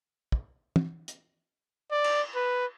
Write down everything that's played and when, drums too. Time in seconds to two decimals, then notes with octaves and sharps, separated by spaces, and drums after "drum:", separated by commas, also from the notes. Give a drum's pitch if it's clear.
0.32 drum: kick
0.76 drum: tom
1.08 drum: hi-hat
1.91 D5
2.04 drum: cymbal
2.35 B4